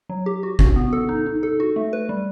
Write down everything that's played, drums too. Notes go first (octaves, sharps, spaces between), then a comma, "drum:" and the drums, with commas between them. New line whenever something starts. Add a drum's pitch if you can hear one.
F#3
G4
F#4
F#4, drum: kick
B3
A4
D#4
D#4
A4
F#4
A3
B4
G3